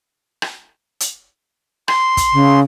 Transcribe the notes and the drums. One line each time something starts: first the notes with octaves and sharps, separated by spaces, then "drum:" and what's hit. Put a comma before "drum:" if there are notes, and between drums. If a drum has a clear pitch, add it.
drum: rim click
drum: hi-hat
C6, drum: rim click
drum: kick, hi-hat
C#3